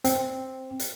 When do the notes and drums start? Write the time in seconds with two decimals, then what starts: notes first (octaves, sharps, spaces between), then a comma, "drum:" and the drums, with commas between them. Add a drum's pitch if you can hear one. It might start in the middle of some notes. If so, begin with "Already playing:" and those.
0.04 C4, drum: hi-hat
0.80 drum: hi-hat